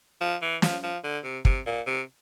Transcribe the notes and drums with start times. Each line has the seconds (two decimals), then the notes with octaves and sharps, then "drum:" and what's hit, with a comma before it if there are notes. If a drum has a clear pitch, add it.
0.21 F3
0.42 E3
0.62 F3, drum: snare
0.83 F3
1.04 D3
1.24 C3
1.45 C3, drum: kick
1.66 A#2
1.87 C3